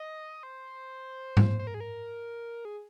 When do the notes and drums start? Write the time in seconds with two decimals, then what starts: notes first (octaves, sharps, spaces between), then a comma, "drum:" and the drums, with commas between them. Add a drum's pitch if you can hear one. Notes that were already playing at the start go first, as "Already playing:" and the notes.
Already playing: D#5
0.43 C5
1.37 drum: tom G#2
1.59 C5
1.67 A#4
1.74 G#4
1.80 A#4
2.65 G#4